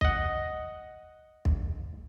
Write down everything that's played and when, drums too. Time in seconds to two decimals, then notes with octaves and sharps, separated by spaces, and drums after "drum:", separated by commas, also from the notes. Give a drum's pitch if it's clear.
0.01 D#5 F#5, drum: kick
1.45 drum: kick